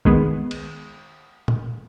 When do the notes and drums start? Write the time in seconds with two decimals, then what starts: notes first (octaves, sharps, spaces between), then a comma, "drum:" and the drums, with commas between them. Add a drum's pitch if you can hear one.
0.05 D#3 G#3 B3, drum: kick A#1
0.51 drum: cymbal
1.48 drum: tom A#2